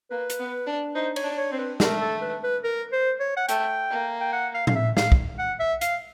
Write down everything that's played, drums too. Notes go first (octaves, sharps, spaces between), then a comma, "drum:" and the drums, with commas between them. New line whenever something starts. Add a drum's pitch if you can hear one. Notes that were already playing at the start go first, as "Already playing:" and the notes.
A#3 B4
drum: hi-hat
B3
D4
D#4 C5
C#5, drum: cymbal
D4
C#5
C4 C5
B4
A3 A#4, drum: snare
A4
B4
B4
A#4
C5
C#5
F#5
A3 G5, drum: hi-hat
A#3
G5
F#5
F5
F5, drum: tom A2
E5
F5, drum: snare
drum: kick
F#5
E5
F5, drum: hi-hat